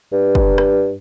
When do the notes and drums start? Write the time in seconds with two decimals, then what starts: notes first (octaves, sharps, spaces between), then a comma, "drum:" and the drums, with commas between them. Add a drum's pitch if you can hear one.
0.12 G2
0.35 drum: kick
0.58 drum: rim click